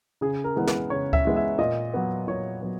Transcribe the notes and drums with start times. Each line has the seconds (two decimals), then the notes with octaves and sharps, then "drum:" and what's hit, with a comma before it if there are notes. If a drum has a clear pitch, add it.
0.21 C#3 G#4
0.44 A#4
0.56 E3 G#3 B3
0.67 B4, drum: snare
0.90 C#3 C#5
1.13 E5, drum: kick D2
1.25 E3 G#3 B3
1.36 E5
1.58 A#2 D#5
1.94 F#3 B3
2.27 A#2 C#5
2.62 F#3 B3